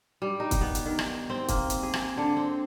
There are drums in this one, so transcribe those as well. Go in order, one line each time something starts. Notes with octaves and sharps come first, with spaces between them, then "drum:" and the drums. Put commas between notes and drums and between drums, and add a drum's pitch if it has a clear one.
G3
D#4
drum: kick, hi-hat
B3
drum: hi-hat
D#3
drum: rim click
C4
A#3, drum: kick, hi-hat
drum: hi-hat
G#4
drum: rim click
D3
C4